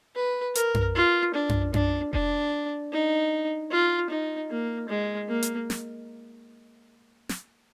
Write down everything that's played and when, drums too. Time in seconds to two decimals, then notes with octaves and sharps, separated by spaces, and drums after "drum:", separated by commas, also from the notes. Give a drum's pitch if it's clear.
0.16 B4
0.55 A#4, drum: hi-hat
0.74 drum: tom F#2
0.95 F4
1.34 D4
1.49 drum: tom F#2
1.74 D4, drum: tom F#2
2.13 D4, drum: kick F1
2.92 D#4
3.71 F4
4.10 D#4
4.50 A#3
4.89 G#3
5.29 A#3
5.43 drum: hi-hat
5.70 drum: snare
7.29 drum: snare